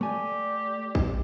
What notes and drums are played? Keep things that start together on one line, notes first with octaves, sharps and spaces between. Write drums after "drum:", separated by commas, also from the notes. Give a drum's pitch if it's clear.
A3 G4 D5 G#5
drum: kick